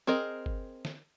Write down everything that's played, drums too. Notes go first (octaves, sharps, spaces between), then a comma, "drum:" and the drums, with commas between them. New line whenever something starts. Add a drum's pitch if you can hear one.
C4 G#4 A#4 D#5
drum: kick G1
drum: snare